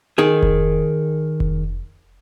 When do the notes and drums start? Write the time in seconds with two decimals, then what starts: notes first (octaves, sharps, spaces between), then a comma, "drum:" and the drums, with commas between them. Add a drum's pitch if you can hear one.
0.18 D#3 G#4
0.43 drum: kick F1
1.40 drum: kick F1